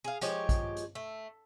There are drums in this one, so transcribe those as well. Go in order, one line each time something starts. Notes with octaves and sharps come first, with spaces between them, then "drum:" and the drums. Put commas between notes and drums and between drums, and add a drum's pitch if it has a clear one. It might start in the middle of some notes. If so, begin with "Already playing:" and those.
G#4 F5
F3 G#3 G4 C#5, drum: hi-hat
drum: kick A#1, hi-hat
drum: hi-hat
A3